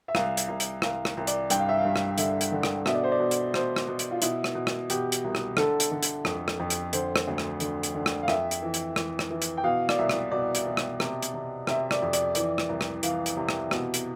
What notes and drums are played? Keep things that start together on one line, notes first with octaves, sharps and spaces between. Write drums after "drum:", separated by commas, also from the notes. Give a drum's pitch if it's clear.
E5
C2 F5, drum: rim click
drum: hi-hat
C2
drum: hi-hat
C2 F5, drum: rim click
drum: rim click
C2
D5, drum: hi-hat
G2 G5, drum: hi-hat
F5
E5
F5
G2
drum: rim click
D3 E5, drum: hi-hat
drum: hi-hat
D3
drum: rim click
B2 E5, drum: rim click
D5
C5
D5
B2
drum: hi-hat
B2 C5, drum: rim click
drum: rim click
B2
drum: hi-hat
F4
B2 E4, drum: hi-hat
drum: rim click
B2
drum: rim click
B2 G4, drum: hi-hat
drum: hi-hat
C2
drum: rim click
D3 A4, drum: rim click
drum: hi-hat
D3
drum: hi-hat
F2, drum: rim click
drum: rim click
F2
drum: hi-hat
D3 C5, drum: hi-hat
drum: rim click
D2
drum: rim click
D3, drum: hi-hat
drum: hi-hat
D3
drum: rim click
F5
F2 E5, drum: rim click
drum: hi-hat
E3
drum: hi-hat
E3, drum: rim click
drum: rim click
E3
drum: hi-hat
G5
B2 F5
D5, drum: rim click
C2 E5
drum: rim click
B2 D5
drum: hi-hat
B2
drum: rim click
C3, drum: rim click
drum: hi-hat
C3
C3 E5, drum: rim click
D5, drum: rim click
F2
D5, drum: hi-hat
E3 D5, drum: hi-hat
drum: rim click
C2
drum: rim click
E3 F5, drum: hi-hat
drum: hi-hat
C3
drum: rim click
B2, drum: rim click
drum: hi-hat